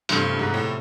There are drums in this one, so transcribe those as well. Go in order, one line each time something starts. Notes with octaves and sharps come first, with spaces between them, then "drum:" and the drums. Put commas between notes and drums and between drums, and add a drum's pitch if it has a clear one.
E2 G2 C3 F3 A3, drum: hi-hat
G#2
A2